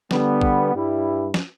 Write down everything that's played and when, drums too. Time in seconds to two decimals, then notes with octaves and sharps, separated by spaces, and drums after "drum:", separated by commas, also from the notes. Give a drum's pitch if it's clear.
0.11 D3 G3 B3, drum: snare
0.41 drum: kick
0.73 G2 G3 E4
1.34 drum: snare